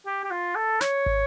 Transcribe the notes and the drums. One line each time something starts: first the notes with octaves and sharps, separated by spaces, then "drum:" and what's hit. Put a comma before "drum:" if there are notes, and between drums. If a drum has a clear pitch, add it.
G4
G4
F4
A4
C#5, drum: snare
drum: kick